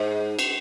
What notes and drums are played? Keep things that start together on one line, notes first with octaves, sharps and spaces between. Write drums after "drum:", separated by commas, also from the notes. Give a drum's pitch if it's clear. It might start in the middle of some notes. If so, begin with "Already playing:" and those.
Already playing: G#2
drum: cymbal